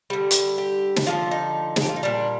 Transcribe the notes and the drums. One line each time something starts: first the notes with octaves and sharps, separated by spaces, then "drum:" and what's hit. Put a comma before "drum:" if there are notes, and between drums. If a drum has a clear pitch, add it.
D3 G3
drum: hi-hat
G4
drum: snare
D3 F3 G#3 F4
D#4
G#4, drum: snare
G4
F4
D#4
A#2 G3 D4